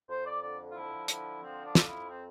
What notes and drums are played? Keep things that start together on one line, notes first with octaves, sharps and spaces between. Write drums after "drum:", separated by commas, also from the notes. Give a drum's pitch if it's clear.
F2 C5
D5
D3 D5
F4
F3 E4
D3 E4, drum: hi-hat
F3 C4
D4
F2, drum: snare
E4
C4